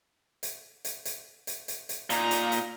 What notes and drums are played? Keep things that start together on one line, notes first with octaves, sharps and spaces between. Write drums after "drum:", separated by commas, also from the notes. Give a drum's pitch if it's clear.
drum: hi-hat
drum: hi-hat
drum: hi-hat
drum: hi-hat
drum: hi-hat
drum: hi-hat
A#2 D#4 A#5, drum: hi-hat
drum: hi-hat
drum: hi-hat